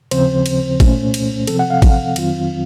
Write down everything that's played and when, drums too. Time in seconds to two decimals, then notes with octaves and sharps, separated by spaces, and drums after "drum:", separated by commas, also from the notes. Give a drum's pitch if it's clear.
0.11 D#2 C#3 F3 C4 C5, drum: cymbal
0.46 drum: cymbal
0.80 C2 A#2 A3 C#4, drum: kick A1, cymbal
1.14 drum: cymbal
1.47 C3 F3 C4 A4, drum: cymbal
1.59 F#5
1.70 F5
1.82 drum: kick A1, cymbal
2.16 F2 D#3 F#3 C4 F4, drum: cymbal